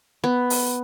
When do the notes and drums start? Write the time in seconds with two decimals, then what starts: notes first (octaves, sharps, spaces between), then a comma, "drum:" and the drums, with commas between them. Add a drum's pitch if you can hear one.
0.24 B3
0.50 drum: open hi-hat